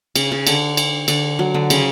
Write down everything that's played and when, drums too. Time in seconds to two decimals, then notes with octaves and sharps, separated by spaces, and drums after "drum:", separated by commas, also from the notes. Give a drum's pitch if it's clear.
0.15 C#3, drum: cymbal
0.32 C#3
0.47 D3, drum: cymbal
0.77 drum: cymbal
1.08 D3, drum: cymbal
1.39 F#3
1.54 D3
1.70 C#3, drum: cymbal